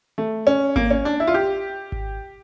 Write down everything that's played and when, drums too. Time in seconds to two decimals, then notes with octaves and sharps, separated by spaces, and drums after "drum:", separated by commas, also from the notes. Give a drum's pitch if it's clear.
0.18 A3
0.47 C#4
0.76 A#3, drum: kick G#1
0.91 C#4
1.05 D4
1.20 E4
1.27 F4
1.34 G4
1.92 drum: kick G#1